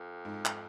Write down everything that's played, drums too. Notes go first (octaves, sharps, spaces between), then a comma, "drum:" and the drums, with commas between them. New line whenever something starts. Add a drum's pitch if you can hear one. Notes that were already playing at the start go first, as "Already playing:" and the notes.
Already playing: F2
G#2
drum: clap